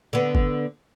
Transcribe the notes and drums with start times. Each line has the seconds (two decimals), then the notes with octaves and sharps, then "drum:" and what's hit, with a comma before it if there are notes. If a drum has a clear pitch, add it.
0.13 D3 B3
0.35 drum: kick